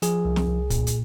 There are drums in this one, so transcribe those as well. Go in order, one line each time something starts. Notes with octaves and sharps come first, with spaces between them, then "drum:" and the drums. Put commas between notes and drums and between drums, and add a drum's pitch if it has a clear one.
F3 G#4, drum: hi-hat
C2
drum: snare
C2
A#2, drum: kick, hi-hat
drum: hi-hat